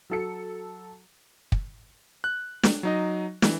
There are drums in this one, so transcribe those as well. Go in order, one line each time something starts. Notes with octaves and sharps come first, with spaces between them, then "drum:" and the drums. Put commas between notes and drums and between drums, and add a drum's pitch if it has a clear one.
F#3 A4 C#7
drum: kick
F#6
drum: snare
F#3 D#4 D#5
E3, drum: snare